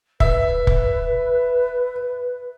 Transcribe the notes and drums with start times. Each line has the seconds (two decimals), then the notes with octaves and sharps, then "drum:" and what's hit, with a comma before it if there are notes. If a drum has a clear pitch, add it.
0.20 B4 E5, drum: kick
0.67 drum: kick